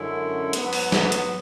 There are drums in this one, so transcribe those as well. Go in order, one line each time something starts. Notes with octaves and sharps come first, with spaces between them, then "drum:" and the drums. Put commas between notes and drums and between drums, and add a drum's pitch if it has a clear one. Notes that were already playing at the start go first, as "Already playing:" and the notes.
Already playing: F#2 D3 G#3 C#4 E4
G#2 F#3 B3, drum: hi-hat
drum: open hi-hat
drum: snare
drum: hi-hat